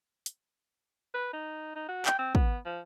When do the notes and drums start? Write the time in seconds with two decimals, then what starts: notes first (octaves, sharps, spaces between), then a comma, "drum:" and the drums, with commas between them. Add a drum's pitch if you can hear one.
0.26 drum: hi-hat
1.14 B4
1.33 D#4
1.76 D#4
1.88 F#4
2.06 G5, drum: clap
2.19 C4
2.35 B3, drum: kick
2.65 F3